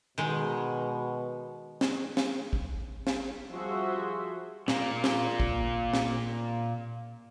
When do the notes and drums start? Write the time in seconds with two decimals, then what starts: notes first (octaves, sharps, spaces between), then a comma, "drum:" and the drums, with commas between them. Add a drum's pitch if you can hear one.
0.18 B2 D#3 G#3
1.81 drum: snare
2.17 drum: snare
2.53 drum: kick
3.07 drum: snare
3.52 F3 G3 F#4 G#4 C5 E5
4.68 A#2 A#3, drum: snare
5.04 drum: snare
5.40 drum: kick
5.93 drum: snare